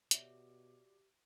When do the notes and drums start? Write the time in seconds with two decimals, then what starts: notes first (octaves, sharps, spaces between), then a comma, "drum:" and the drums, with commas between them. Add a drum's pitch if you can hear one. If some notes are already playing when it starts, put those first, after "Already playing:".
0.11 B2 F#4 G4 C#5 D5 E5, drum: hi-hat